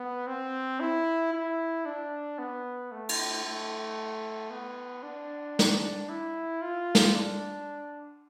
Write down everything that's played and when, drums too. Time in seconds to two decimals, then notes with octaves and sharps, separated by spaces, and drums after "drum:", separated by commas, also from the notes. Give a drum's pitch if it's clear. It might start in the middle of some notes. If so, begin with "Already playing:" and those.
Already playing: B3
0.27 C4
0.80 E4
1.33 E4
1.86 D4
2.39 B3
2.92 A3
3.09 drum: cymbal
3.45 A3
4.50 B3
5.03 D4
5.59 drum: snare
6.09 E4
6.62 F4
6.95 drum: snare
7.15 D4